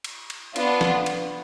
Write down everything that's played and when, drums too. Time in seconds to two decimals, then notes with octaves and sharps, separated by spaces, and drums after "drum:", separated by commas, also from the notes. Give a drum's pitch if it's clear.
0.04 drum: cymbal
0.30 drum: cymbal
0.56 B3 D4 F4, drum: cymbal
0.81 drum: snare
1.06 drum: cymbal